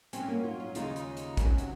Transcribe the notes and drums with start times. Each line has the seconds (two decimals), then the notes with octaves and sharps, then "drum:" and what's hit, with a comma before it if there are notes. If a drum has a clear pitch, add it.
0.13 A#2 F#3 C4 C#4, drum: hi-hat
0.28 A#3
0.44 F4
0.60 F4
0.75 D#2 C#3 G#3 D#4 F4, drum: hi-hat
0.96 drum: hi-hat
1.17 drum: hi-hat
1.37 C#2 C3 D#3 F#3 C#4, drum: kick, hi-hat
1.58 drum: hi-hat